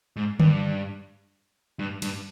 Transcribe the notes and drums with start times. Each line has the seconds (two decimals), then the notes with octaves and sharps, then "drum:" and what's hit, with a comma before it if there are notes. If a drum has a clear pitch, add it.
0.16 G#2
0.40 G2, drum: tom D3
1.79 G2
2.02 G2, drum: cymbal